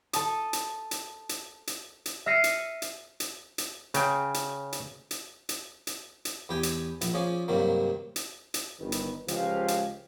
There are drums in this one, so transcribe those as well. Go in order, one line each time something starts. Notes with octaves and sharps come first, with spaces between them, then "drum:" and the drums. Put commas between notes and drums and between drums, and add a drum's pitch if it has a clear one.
A4 A5 D#6, drum: hi-hat
drum: hi-hat
drum: hi-hat
drum: hi-hat
drum: hi-hat
drum: hi-hat
E5 F6 A#6 C7 C#7 D#7
drum: hi-hat
drum: hi-hat
drum: hi-hat
drum: hi-hat
C#3 G5, drum: hi-hat
drum: hi-hat
drum: hi-hat
drum: hi-hat
drum: hi-hat
drum: hi-hat
drum: hi-hat
E2 G4 G5 G#5
drum: hi-hat
A#1, drum: hi-hat
F3 C#4 G#4 D5
G2 C3 D#3 F#3 A#3
drum: hi-hat
drum: hi-hat
G1 D#3 B4
drum: hi-hat
C#2 F3 G#3 G4 F5, drum: hi-hat
drum: hi-hat